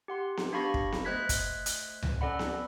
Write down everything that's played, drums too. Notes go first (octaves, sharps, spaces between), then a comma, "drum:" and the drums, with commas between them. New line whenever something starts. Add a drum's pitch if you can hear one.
G4 F#5 C6
drum: snare B3
D4 G4 F5 B5 C#6 A#6
drum: kick
drum: snare B3
A3 C5 D#5 F#6 G#6 B6
drum: kick, hi-hat
drum: hi-hat
drum: tom C#2
C#4 A4 D5 F#5 B5
drum: snare B3